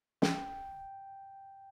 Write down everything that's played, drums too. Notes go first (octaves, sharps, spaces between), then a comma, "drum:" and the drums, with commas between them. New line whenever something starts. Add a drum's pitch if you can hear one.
G5, drum: snare